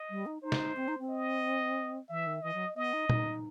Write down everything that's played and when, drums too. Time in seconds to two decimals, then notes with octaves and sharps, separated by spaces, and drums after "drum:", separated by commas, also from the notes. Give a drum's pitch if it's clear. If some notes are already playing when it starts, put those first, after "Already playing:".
Already playing: D#5
0.10 G3
0.26 D#4
0.42 D#4 C5
0.52 drum: snare
0.76 C4
0.88 D#4
0.99 C4
1.09 D#5
2.09 E3 E5
2.26 D#3
2.42 E3 D#5
2.54 F#3
2.76 B3 D#5
2.93 D#4
3.10 D#4, drum: tom A#2